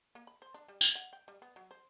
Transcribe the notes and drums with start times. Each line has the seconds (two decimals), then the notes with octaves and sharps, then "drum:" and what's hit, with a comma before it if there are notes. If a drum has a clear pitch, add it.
0.15 A#3
0.27 B5
0.42 C5
0.54 D4
0.68 G3
0.81 G5, drum: tambourine
0.95 F#5
1.13 G5
1.28 G3
1.42 B3
1.56 F#3
1.71 C5